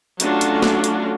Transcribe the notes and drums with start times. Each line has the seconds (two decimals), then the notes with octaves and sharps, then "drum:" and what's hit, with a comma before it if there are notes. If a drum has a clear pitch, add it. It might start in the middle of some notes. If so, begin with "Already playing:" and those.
0.20 F#3 A3 C#4 D4 F4 F#4, drum: hi-hat
0.41 drum: hi-hat
0.62 drum: snare
0.84 drum: hi-hat